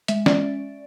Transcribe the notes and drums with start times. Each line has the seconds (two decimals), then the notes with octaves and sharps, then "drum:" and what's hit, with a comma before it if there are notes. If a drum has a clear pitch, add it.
0.08 G#3 E5, drum: hi-hat
0.26 C#4 D5, drum: snare